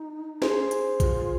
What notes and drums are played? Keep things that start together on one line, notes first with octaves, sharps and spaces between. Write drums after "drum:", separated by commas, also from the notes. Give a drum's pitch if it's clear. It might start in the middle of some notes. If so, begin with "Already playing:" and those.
Already playing: D#4
C#4 G#4 C5, drum: snare
drum: hi-hat
G4, drum: kick A#1, hi-hat
F4